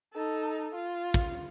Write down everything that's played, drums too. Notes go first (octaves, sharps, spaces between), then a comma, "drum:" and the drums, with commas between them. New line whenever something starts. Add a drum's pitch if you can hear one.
D#4 A4
F4
drum: kick